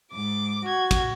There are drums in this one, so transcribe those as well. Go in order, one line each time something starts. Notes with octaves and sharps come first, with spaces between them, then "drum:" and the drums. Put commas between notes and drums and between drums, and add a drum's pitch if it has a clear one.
G#2 D6
F#4 G#6
drum: kick, cymbal